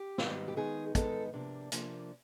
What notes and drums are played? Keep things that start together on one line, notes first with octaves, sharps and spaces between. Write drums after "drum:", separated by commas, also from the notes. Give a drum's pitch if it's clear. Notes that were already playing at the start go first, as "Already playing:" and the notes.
Already playing: G4
G#2 D#3 G3 B3, drum: snare
G4
D#3 G#3 B3 D#4 G#4
D#3 G#3 B3 D#4 A4, drum: kick, hi-hat
C3 F3 A#3 D4
C3 F3 A#3 D4, drum: hi-hat